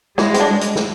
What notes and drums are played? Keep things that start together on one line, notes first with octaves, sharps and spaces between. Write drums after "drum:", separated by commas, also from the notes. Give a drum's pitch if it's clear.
E3 G#3 E4, drum: snare
C4, drum: hi-hat
D3 D4
drum: hi-hat
drum: snare